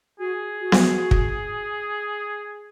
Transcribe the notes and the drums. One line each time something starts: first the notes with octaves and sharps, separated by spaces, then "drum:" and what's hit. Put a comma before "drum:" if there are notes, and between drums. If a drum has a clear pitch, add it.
F#4 G#4
F#4
drum: snare B3
drum: kick